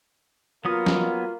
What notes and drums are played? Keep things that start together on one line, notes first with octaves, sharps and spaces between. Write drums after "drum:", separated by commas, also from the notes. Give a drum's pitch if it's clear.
F#3 A#3 B3 F4 D#6
drum: snare